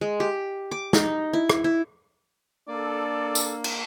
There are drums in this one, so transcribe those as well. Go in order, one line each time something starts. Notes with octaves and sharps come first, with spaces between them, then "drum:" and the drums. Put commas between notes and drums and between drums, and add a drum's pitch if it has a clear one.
G#3
G4
D6
D#4, drum: snare
E4
drum: rim click
E4
A#3 D4 A4 D5
drum: tambourine
drum: cymbal